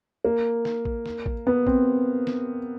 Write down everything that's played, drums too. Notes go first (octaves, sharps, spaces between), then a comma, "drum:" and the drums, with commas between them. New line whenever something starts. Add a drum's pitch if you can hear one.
A#3
drum: snare
drum: kick A1
drum: snare
drum: kick A1
B3
C4, drum: kick A1
drum: snare